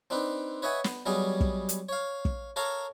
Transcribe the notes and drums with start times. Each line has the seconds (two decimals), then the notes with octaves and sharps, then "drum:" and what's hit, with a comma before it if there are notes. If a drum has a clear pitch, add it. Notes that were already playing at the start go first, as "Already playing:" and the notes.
0.10 C4 D4 D#4 B4
0.62 B4 C#5 D#5 E5 F#5 G#5
0.84 B3, drum: snare
1.06 F#3 G3 B3 C#4 G#4 D#5
1.41 drum: kick
1.69 drum: hi-hat
1.89 C#5 F5
2.25 drum: kick
2.56 A4 A#4 C#5 F5 A5 A#5